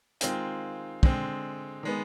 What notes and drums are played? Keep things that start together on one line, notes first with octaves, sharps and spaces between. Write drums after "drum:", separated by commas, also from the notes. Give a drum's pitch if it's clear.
D#3 G#3 C4 F4, drum: hi-hat
D3 G#3 C4, drum: kick
D#3 G#3 B3